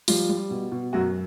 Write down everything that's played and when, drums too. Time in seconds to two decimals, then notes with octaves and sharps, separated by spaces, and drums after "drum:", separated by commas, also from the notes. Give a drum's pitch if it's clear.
0.08 F3 G3 F4, drum: open hi-hat
0.29 G3
0.51 B2
0.72 B2
0.93 F#2 F#3 F#4